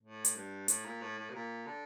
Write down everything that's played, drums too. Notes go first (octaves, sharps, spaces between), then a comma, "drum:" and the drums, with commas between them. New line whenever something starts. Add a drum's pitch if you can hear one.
A2
drum: hi-hat
G2
A2, drum: hi-hat
A#2
A2
A2
C3
A#2
D3